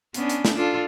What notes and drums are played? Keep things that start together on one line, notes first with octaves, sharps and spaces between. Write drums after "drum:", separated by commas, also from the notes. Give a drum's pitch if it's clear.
B3 C#4 D4, drum: hi-hat
drum: hi-hat
drum: snare
D4 F4 A4